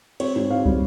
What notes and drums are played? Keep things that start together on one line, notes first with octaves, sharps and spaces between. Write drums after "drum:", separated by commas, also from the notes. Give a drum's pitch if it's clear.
C4 C#5, drum: cymbal
G#2
C4 F5
G3, drum: kick